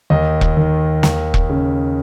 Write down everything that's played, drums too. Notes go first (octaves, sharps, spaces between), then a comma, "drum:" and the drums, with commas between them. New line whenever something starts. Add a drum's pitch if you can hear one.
D#2 D#5
drum: kick E1
D#3
D#2, drum: snare
drum: kick E1
C#3